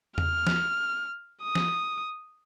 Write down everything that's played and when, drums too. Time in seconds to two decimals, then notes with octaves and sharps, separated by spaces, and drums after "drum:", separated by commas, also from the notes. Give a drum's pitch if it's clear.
0.18 F6, drum: tom E2
0.47 drum: snare
1.43 D#6
1.55 drum: snare